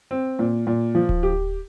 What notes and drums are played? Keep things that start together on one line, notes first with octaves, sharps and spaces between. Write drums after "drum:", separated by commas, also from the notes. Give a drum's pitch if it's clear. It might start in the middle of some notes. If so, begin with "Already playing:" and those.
C4
A#2
A#2
F3
drum: kick D1
G4